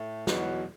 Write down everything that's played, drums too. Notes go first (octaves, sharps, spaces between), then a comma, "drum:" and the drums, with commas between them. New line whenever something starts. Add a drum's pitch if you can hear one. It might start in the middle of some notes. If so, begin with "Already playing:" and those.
Already playing: A2 A3
E2 B2 F#3, drum: snare